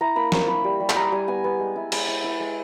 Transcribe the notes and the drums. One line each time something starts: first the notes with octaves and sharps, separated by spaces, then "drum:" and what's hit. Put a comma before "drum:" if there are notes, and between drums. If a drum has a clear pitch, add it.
E4 A#5
A#3 B5
A#3 C#6, drum: snare
A#3 B5
G3
G3
B5, drum: clap
G3 A#5
G3 G#5
B3 G#5
B3
G#3
E4
G#3 B5, drum: cymbal
E4
E4
G#3